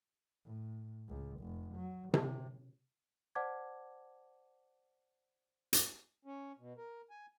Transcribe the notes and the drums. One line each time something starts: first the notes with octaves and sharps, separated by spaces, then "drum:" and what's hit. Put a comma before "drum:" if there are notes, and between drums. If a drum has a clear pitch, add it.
A2
C#2
F1
F#3
C3, drum: tom C3
C5 D5 F#5 A5 D6 G#6
drum: hi-hat
C#4
B2
A#4
G#5